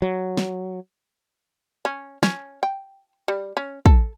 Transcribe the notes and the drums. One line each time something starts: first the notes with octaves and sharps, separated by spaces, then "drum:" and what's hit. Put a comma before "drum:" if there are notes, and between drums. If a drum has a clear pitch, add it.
F#3
drum: snare
C#4
C#4, drum: snare
G5
G3
C#4
A4, drum: kick